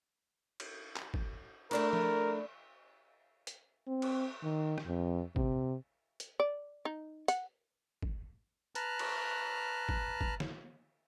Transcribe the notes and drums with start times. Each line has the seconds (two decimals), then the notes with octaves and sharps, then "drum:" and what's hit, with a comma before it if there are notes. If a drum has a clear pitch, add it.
0.60 drum: cymbal
0.96 drum: clap
1.14 drum: kick
1.71 A3 D4 E4 A#4, drum: cymbal
1.93 drum: tom F3
3.47 drum: hi-hat
3.87 C4
4.02 drum: cymbal
4.43 D#3
4.78 drum: rim click
4.87 F2
5.36 C3, drum: kick
6.20 drum: hi-hat
6.40 D5
6.85 D#4
7.28 F#5, drum: hi-hat
8.02 drum: kick
8.75 B4 A5 A#5 F6 F#6, drum: hi-hat
8.99 drum: cymbal
9.89 drum: kick
10.21 drum: kick
10.40 drum: snare